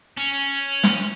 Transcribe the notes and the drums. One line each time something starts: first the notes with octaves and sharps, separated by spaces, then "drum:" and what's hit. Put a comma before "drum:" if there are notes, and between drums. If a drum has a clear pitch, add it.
C#4
drum: snare